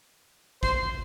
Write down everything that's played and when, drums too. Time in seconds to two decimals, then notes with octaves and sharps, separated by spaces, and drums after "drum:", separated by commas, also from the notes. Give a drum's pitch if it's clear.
0.63 C5, drum: kick, hi-hat